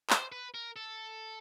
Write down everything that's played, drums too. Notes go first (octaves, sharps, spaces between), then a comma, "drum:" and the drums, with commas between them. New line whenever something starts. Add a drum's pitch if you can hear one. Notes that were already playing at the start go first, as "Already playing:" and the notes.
C5, drum: clap
B4
A#4
A4